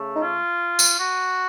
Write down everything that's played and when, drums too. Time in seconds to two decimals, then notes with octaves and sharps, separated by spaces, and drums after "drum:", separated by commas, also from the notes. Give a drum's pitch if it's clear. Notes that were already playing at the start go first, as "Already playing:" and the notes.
Already playing: C#3 A3
0.16 D#4
0.22 F4
0.79 drum: tambourine
0.99 F#4